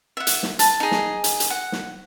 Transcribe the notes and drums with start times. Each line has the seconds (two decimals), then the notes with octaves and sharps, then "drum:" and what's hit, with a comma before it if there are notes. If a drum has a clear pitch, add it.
0.17 E5 F#5
0.27 drum: hi-hat
0.43 drum: snare
0.59 A5, drum: hi-hat
0.80 D#4 G#4
0.91 drum: snare
1.24 drum: hi-hat
1.40 drum: hi-hat
1.50 F#5
1.72 drum: snare